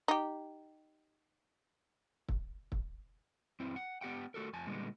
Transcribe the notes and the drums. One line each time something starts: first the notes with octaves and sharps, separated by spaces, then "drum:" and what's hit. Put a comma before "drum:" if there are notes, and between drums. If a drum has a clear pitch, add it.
D#4 G4
drum: kick
drum: kick
F#2 C4 E4
F#5
B3 G4 F#5 G5
A3 F#4 A4 A#4
F2 G#5 A5
A#2 D3 G3 G#3 B3